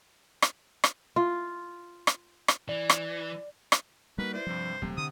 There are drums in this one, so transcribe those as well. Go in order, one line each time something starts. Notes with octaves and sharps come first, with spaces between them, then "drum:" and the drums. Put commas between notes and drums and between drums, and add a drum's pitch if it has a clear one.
drum: rim click
drum: rim click
F4
drum: rim click
drum: rim click
E3 D5
drum: rim click
drum: rim click
G3 A#3 D#4 F#4 A#4 B4
E4 B4 C5 D5
G2 C3 F3 G3
D#1 C3 F#3 A3
D3 D#6